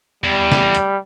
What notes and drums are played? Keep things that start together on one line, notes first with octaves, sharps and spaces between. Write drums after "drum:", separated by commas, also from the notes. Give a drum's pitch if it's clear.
E2 G3
drum: snare A3
drum: hi-hat